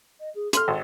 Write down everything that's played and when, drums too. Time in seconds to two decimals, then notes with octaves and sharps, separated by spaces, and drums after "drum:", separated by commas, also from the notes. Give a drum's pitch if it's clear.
0.20 D#5
0.35 G#4
0.53 A4 C6 F6, drum: hi-hat
0.68 G#1